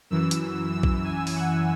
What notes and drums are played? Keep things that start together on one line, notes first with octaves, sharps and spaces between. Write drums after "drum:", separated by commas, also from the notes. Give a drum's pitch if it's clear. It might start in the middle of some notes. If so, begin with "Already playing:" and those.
F#2 E3 E6
drum: hi-hat
E6
drum: kick A#1
G#5
drum: open hi-hat
F#5